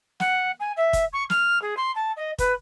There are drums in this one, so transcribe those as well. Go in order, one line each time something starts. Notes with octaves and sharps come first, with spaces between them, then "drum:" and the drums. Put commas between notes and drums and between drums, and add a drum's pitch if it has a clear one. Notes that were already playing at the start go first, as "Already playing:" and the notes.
F#5, drum: snare
G#5
E5
drum: kick, hi-hat
C#6
F6, drum: snare
G#4
C6
A5
D#5
B4, drum: kick, hi-hat